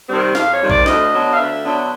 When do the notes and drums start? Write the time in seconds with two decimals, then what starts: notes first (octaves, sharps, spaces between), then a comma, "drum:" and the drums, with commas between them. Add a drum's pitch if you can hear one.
0.09 C3 D#3 G3 C4
0.35 F2 F5, drum: snare
0.52 C#5
0.60 C3 D#3 G3 C4
0.70 D5, drum: kick A#1
0.86 D2 D#5, drum: snare
1.12 D3 F#3 B3 D4
1.32 F5
1.37 D2 E5
1.63 D3 F#3 B3 D4